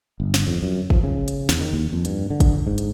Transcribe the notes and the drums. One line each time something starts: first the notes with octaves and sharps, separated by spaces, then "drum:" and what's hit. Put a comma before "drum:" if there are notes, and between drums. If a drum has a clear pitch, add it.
G1
drum: snare
F2
F#2
F3, drum: kick
C#3
drum: hi-hat
E2, drum: snare
D#3
D#2
F2
G2, drum: hi-hat
D3
drum: kick, hi-hat
G#2
drum: hi-hat